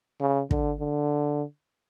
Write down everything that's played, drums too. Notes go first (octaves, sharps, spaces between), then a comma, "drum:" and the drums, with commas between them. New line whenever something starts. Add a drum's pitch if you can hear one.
C#3
D3, drum: kick
D3